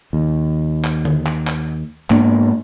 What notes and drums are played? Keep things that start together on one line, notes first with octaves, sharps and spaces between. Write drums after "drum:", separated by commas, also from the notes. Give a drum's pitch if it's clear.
D#2
drum: clap
drum: tom D3
drum: clap
drum: clap
G#2 A#3 B3 D4, drum: clap